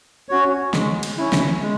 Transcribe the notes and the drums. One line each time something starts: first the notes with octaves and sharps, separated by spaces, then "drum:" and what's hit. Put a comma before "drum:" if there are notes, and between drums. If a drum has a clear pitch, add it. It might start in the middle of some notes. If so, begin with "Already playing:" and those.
C#4 F#4 C#5
G#3, drum: snare
drum: cymbal
C#4 E4
drum: snare
G#3